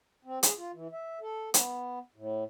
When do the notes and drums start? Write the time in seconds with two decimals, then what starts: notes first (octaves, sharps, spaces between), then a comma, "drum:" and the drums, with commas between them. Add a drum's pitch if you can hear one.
0.25 C4
0.43 G#4, drum: hi-hat
0.57 F4
0.74 E3
0.92 E5
1.21 A4
1.54 B3, drum: hi-hat
2.15 A2